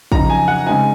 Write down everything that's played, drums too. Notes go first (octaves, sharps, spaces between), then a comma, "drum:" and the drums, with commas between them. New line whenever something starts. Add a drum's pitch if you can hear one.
F2 C#3 F#3 C4 D#4 A#5, drum: kick
G#5
F#5
C#3 G#3 C4 D#4 G#5